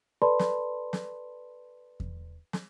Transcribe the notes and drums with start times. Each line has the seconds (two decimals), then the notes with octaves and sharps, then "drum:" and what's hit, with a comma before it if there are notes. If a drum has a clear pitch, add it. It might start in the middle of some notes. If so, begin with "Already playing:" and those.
0.22 A4 B4 D5 A5 B5 C6
0.39 drum: snare
0.93 drum: snare
2.00 drum: kick E2
2.53 drum: snare